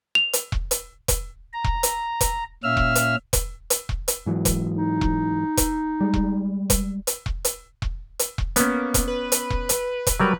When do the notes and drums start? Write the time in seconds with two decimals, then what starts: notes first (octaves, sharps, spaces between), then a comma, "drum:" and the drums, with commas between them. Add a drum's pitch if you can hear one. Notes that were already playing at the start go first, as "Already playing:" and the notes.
0.15 F7
0.33 drum: hi-hat
0.52 drum: kick E1
0.71 drum: hi-hat
1.08 drum: kick E1, hi-hat
1.53 A#5
1.64 drum: kick E1
1.83 drum: hi-hat
2.21 drum: kick E1, hi-hat
2.64 A#2 C#4 E5 F5 E6 F6
2.77 drum: kick E1
2.95 drum: hi-hat
3.33 drum: kick E1, hi-hat
3.70 drum: hi-hat
3.89 drum: kick E1
4.08 drum: hi-hat
4.26 G#2 E3 F#3
4.45 drum: kick E1, hi-hat
4.77 D#4
5.01 drum: kick E1
5.57 drum: kick E1, hi-hat
6.01 G3 G#3
6.14 drum: kick E1
6.70 drum: kick E1, hi-hat
7.07 drum: hi-hat
7.26 drum: kick E1
7.45 drum: hi-hat
7.82 drum: kick E1
8.19 drum: hi-hat
8.38 drum: kick E1
8.56 A#3 B3 C#4, drum: hi-hat
8.94 drum: kick E1, hi-hat
9.08 B4
9.32 drum: hi-hat
9.50 drum: kick E1
9.69 drum: hi-hat
10.07 drum: kick E1, hi-hat
10.20 F#3 G3 A#4